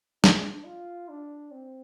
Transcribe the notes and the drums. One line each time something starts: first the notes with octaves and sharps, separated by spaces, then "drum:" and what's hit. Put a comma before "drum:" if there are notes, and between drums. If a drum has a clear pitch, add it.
D4, drum: snare
F4
D4
C4